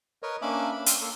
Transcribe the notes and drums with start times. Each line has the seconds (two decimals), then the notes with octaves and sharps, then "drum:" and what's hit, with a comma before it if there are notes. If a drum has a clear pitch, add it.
0.23 A#4 B4 C#5 D#5
0.42 A#3 C#4 D4 E5 B5 D6
0.71 B5
0.86 G5 C6 E6 F6, drum: hi-hat
1.01 A#3 A4 C6